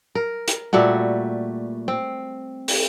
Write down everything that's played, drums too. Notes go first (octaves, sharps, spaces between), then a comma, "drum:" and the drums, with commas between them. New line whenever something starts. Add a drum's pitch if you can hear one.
A#4
drum: hi-hat
A#2 G3 A3 F#4
C4
drum: open hi-hat